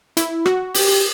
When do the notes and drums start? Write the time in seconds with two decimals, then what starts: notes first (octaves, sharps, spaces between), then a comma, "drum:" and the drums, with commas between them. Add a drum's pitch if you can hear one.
0.17 E4, drum: hi-hat
0.46 F#4, drum: rim click
0.75 G4, drum: open hi-hat